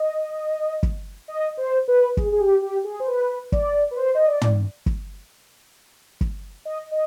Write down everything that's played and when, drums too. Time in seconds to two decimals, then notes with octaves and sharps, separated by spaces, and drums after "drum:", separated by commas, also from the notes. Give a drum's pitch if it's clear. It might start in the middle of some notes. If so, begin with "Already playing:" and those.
Already playing: D#5
0.83 drum: kick
1.28 D#5
1.57 C5
1.88 B4
2.17 G#4, drum: kick
2.32 G#4
2.40 G4
2.62 G4
2.84 G#4
3.00 C5
3.07 B4
3.52 D5, drum: kick
3.91 B4
3.96 C5
4.15 D#5
4.26 D5
4.41 drum: tom
4.86 drum: kick
6.21 drum: kick
6.65 D#5
6.91 D#5